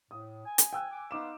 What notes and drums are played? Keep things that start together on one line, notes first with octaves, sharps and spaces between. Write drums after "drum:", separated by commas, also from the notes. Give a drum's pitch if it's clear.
A2 D#6
G#5
drum: hi-hat
G5 E6 F#6
G#5 D6
B3 D#4 F5 C6 D6 E7